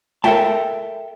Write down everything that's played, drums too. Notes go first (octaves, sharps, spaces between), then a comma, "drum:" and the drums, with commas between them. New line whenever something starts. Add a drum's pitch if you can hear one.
A4 A#4 C#5 E5 G5 A5, drum: tom